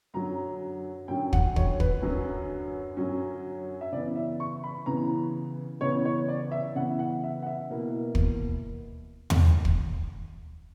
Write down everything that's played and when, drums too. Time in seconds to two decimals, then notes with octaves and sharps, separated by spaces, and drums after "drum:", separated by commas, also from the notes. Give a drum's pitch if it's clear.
0.14 F#2 D3 F#3 C#4 A#5
1.08 F#2 D3 F#3 C#4 G5
1.33 F#5, drum: kick
1.56 C#5, drum: kick
1.80 B4, drum: kick
2.02 F#2 D3 F#3 C#4
2.97 F#2 D3 F#3 C#4
3.81 E5
3.92 C#3 E3 B3 D5
4.16 E5
4.40 C#6
4.64 B5
4.86 C#3 E3 B3 A#5
5.81 C#3 E3 B3 C#5
6.05 C#5
6.29 D5
6.52 E5
6.75 C#3 E3 B3 F#5
6.99 F#5
7.24 E5
7.42 F#5
7.46 E5
7.70 B2 A#3 E4
8.15 drum: kick
9.30 drum: tom E2
9.65 drum: kick